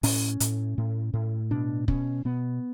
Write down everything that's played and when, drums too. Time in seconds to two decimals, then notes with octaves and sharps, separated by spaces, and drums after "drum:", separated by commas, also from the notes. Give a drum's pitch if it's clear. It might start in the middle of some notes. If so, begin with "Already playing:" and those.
0.03 A2 C#4, drum: open hi-hat
0.40 A2, drum: hi-hat
0.78 A2
1.14 A2
1.51 B2 D4
1.88 B2 C#4, drum: kick
2.25 B2 B3